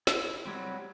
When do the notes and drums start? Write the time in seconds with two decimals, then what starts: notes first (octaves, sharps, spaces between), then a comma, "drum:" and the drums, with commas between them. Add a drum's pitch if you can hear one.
0.07 E4, drum: snare
0.45 F#3 G3 C4